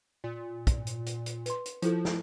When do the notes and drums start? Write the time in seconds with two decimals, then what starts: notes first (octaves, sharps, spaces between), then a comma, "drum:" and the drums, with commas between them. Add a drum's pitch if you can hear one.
0.24 A#2
0.67 drum: kick, hi-hat
0.87 drum: hi-hat
1.06 drum: hi-hat
1.26 drum: hi-hat
1.46 B4 C6, drum: hi-hat
1.66 drum: hi-hat
1.82 F3 E4 F4 A4, drum: hi-hat
2.05 drum: snare